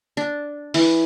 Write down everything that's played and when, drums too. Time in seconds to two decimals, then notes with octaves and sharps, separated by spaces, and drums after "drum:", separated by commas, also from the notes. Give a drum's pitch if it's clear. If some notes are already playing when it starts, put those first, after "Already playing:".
0.17 D4
0.74 E3, drum: open hi-hat